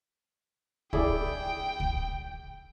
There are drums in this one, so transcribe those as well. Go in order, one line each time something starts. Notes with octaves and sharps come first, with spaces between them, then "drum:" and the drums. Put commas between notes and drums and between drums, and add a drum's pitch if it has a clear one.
E4 G#4 D5 G5, drum: kick
drum: kick